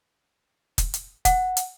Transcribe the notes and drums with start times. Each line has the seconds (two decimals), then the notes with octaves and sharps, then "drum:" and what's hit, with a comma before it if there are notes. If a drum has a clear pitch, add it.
0.78 drum: kick, hi-hat
0.94 drum: hi-hat
1.25 F#5, drum: kick, hi-hat
1.57 drum: hi-hat